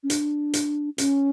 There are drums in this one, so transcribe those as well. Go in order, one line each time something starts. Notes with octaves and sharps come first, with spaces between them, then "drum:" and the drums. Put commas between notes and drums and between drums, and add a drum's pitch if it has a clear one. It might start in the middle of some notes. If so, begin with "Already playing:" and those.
C#4
D4, drum: hi-hat
drum: hi-hat
C#4, drum: hi-hat